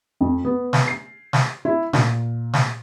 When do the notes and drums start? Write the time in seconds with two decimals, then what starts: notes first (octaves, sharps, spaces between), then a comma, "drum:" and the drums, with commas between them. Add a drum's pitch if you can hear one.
0.21 F2
0.45 B3
0.73 drum: snare
0.88 C7
1.33 drum: snare
1.65 E4
1.93 A#2, drum: snare
2.53 drum: snare